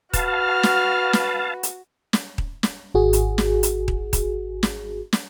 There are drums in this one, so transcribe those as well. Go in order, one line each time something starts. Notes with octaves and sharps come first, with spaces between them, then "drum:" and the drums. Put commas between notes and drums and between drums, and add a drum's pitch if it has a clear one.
F#4 B4 F5 A5 F6, drum: kick D#1, hi-hat
drum: snare
drum: snare
drum: hi-hat
drum: snare
drum: kick D#1
drum: snare
G#1 F#4 G#4
drum: hi-hat
drum: snare
drum: hi-hat
drum: kick D#1
drum: kick D#1, hi-hat
drum: snare
drum: snare